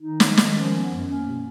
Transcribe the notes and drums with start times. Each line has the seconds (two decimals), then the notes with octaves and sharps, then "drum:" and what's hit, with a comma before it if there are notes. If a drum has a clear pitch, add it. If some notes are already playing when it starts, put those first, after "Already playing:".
0.01 D#3 D#4
0.20 G#3, drum: snare
0.37 D#3, drum: snare
0.56 F3 C#4
0.73 B3
0.91 F#2
1.09 A#3 C#4
1.27 B2